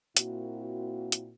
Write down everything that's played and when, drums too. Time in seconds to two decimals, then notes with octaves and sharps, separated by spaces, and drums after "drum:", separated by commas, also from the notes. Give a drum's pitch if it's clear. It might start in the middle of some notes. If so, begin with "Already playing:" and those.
0.17 A#2 A#3 C4 E4 F#4, drum: hi-hat
1.12 drum: hi-hat